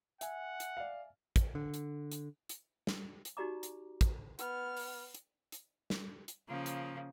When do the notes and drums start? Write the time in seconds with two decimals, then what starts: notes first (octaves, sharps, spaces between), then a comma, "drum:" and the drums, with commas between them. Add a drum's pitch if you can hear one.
0.21 E5 F#5 G#5, drum: hi-hat
0.60 drum: hi-hat
0.77 D5 F5
1.36 drum: kick, hi-hat
1.55 D3
1.74 drum: hi-hat
2.12 drum: hi-hat
2.49 drum: hi-hat
2.87 drum: snare
3.25 drum: hi-hat
3.37 D#4 F#4 G4 D5 A#5 D6
3.63 drum: hi-hat
4.01 drum: kick, hi-hat
4.39 B3 F6, drum: hi-hat
4.77 drum: open hi-hat
5.14 drum: hi-hat
5.52 drum: hi-hat
5.90 drum: snare
6.28 drum: hi-hat
6.48 C#3 F3 A#3
6.66 drum: hi-hat